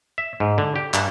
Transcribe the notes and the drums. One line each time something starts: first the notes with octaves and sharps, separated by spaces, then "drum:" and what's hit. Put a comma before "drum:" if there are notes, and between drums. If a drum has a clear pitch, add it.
E5
G#2
D3
G4
G2, drum: clap